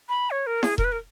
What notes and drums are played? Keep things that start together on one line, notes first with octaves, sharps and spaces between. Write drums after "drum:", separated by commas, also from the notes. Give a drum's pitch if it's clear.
B5
C#5
A#4
G#4, drum: snare E4
A#4, drum: kick E1
B4
A#4